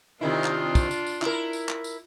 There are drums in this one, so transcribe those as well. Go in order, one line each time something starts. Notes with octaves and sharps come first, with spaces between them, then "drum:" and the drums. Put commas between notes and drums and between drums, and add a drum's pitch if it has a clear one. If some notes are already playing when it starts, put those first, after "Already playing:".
C3 D#3 D4 E4 F4
drum: clap
drum: kick, tambourine
drum: tambourine
drum: tambourine
E4 A#4, drum: clap
drum: tambourine
drum: clap
drum: tambourine